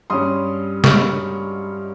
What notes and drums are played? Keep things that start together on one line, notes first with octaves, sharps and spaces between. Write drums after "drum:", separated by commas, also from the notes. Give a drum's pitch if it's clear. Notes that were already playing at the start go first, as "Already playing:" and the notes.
G2 G3 C#4 C6 D#6
C#6 F6, drum: snare